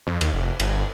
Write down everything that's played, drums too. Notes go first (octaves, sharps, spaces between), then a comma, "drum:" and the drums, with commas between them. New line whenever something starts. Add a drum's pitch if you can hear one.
F2
D#2, drum: cymbal
F1
G1, drum: cymbal